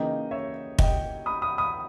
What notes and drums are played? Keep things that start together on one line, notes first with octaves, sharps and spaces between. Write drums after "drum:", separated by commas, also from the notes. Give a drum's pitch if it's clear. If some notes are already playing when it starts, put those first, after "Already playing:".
Already playing: C#3 E3 A#3 D#4 D#5 G5
C#5 E5
D#5 G5, drum: kick
B5 D#6
B5 D#6
B5 D#6